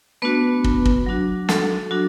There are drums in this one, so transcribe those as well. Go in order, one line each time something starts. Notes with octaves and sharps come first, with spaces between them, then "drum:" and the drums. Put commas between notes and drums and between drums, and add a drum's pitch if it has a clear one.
A3 B3 D4 F#4 B4
drum: kick
drum: kick
F#3 D4 F#4
A4, drum: snare
F#3 D4 F#4